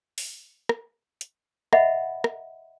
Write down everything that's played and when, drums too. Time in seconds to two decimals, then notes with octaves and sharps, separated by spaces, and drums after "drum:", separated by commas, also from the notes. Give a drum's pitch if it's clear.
0.18 drum: open hi-hat
0.69 drum: rim click
1.21 drum: hi-hat
1.73 D#5 E5 F#5 B5, drum: rim click
2.24 drum: rim click